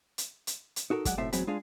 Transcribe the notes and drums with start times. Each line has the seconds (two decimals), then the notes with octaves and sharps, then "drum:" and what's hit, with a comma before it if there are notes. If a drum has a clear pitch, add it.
0.18 drum: hi-hat
0.47 drum: hi-hat
0.76 drum: hi-hat
0.90 D#4 F#4 A4 A#4
1.05 F#3 G#3 D5 F#5, drum: kick, hi-hat
1.18 B1 A2 A3 C4 C5 E5
1.33 E2 F#3 G#3 C4 B5, drum: hi-hat
1.47 G#3 D4 F4 G#4 F5